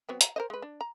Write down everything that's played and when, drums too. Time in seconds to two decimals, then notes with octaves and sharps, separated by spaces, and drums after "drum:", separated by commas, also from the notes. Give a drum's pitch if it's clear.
0.09 F#3 B3 C4
0.21 A#5, drum: hi-hat
0.36 A#4 C5 D#5
0.50 G#3 B4
0.62 D4
0.81 A#5